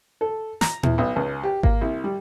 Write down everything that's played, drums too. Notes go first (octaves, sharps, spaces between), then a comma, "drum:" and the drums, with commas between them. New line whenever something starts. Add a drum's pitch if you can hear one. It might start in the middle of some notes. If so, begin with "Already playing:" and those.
A4
A#5, drum: snare
E2, drum: tom A#2
B1
C#2
G4
A#3, drum: kick G#1
C2
G3